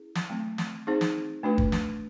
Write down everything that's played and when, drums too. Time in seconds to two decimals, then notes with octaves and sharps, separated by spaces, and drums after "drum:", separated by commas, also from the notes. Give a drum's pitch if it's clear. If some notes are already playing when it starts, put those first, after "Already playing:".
Already playing: C#4 E4 G#4
0.15 drum: snare
0.29 F#3 A3 C4
0.58 drum: snare
0.87 C4 D#4 G#4 C5
1.01 drum: snare
1.43 A3 D4 F#4 B4
1.58 drum: kick
1.72 drum: snare